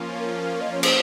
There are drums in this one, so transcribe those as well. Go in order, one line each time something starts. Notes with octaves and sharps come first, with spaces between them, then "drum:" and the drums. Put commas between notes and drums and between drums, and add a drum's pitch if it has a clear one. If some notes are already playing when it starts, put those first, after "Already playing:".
Already playing: F3 A#3 C#4 F4
A#4
D#5
C#5
C5, drum: cymbal